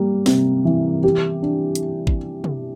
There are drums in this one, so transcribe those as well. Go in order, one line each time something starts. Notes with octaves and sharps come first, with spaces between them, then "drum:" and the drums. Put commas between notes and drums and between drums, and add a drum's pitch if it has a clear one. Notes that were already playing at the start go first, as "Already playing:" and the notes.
Already playing: G3 A#3
C3, drum: snare
E3
G4
D4
drum: hi-hat
drum: kick
drum: tom